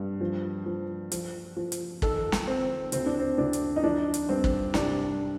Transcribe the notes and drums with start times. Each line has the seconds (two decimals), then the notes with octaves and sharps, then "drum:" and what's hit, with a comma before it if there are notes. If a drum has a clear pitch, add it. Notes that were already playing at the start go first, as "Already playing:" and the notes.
Already playing: G2
0.21 F3
0.66 F3
1.12 F3, drum: hi-hat
1.57 F3
1.72 drum: hi-hat
2.02 D#3 A4, drum: kick
2.32 drum: snare
2.47 D#3 C4
2.92 D2 C4, drum: hi-hat
3.06 D4
3.19 C4
3.38 D2 D4
3.53 drum: hi-hat
3.76 D#4
3.83 F3 D4
4.14 drum: hi-hat
4.29 G2 C4
4.44 drum: kick
4.74 C2 D4, drum: snare